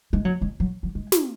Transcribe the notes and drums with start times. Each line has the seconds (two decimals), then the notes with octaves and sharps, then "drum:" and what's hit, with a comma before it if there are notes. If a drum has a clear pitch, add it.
0.13 G#3
0.25 F#3
0.41 G#3
0.60 F#3
0.83 F#3
0.95 G#3
1.12 drum: snare